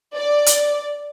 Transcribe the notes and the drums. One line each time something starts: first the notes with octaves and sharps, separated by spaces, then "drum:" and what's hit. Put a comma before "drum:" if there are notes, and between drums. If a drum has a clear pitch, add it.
D5
drum: hi-hat